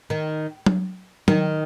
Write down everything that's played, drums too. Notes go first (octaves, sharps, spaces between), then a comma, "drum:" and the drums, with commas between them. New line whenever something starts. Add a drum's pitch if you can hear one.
D#3
drum: tom F#3
D#3, drum: tom F#3